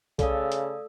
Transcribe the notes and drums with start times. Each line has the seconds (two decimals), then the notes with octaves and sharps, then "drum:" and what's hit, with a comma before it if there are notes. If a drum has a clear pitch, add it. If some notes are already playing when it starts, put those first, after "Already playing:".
0.19 C#3 A4 D5 F5 D#6, drum: kick B1, hi-hat
0.52 drum: hi-hat